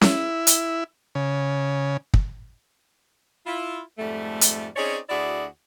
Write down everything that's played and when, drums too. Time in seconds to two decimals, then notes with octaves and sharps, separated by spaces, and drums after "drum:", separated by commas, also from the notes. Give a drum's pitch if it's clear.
0.01 E4, drum: snare C#4
0.47 drum: hi-hat
1.15 C#3
2.14 drum: kick
3.46 E4 F4
3.98 F2 G#2 G3 A3
4.41 drum: hi-hat
4.76 C4 C#4 D#4 G#4 C#5 D5
5.09 D2 E4 F#4 G#4 D5